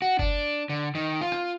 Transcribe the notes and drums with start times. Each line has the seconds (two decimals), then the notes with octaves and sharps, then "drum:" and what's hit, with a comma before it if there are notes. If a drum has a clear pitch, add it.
0.02 F#4
0.19 D4, drum: kick F#1
0.69 D3
0.95 D#3
1.21 F4
1.32 drum: rim click